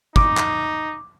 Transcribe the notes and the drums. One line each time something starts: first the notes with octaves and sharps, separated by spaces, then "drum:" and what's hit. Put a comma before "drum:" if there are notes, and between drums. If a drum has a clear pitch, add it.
D#4 D6, drum: kick
drum: clap